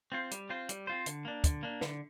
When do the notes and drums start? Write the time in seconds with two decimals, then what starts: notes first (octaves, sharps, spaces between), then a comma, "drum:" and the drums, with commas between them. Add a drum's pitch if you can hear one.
0.12 C4 F4 C5
0.31 G3, drum: hi-hat
0.49 C4 F4 C5
0.69 G3, drum: hi-hat
0.87 C4 F4 C5
1.06 D3, drum: hi-hat
1.25 A#3 D4
1.44 D3, drum: kick, hi-hat
1.63 A#3 D4
1.81 D3, drum: snare